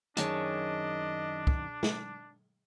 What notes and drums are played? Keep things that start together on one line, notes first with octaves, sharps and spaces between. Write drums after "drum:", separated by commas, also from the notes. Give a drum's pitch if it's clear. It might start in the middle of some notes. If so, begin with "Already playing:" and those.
F#2 D#3 D4 G#4 C#5 D#5 A5, drum: hi-hat
drum: kick
drum: snare